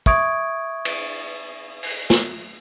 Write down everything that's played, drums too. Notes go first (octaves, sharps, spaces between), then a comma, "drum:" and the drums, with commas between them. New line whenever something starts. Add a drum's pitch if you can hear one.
E5 C#6 D#6 G#6 D7, drum: kick
drum: cymbal
drum: open hi-hat
drum: snare